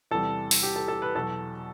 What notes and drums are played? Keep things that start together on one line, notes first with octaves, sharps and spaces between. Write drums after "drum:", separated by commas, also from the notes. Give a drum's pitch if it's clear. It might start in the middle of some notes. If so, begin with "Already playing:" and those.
E2 C3 E3 G3 A4
drum: open hi-hat
G4
A4
A4
B4
E2 B2 F#3 A4